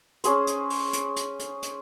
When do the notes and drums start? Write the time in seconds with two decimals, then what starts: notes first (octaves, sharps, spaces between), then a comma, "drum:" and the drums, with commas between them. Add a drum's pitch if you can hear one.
0.24 C#4 G#4 C5, drum: hi-hat
0.47 drum: hi-hat
0.70 drum: open hi-hat
0.93 drum: hi-hat
1.16 drum: hi-hat
1.39 drum: hi-hat
1.62 drum: hi-hat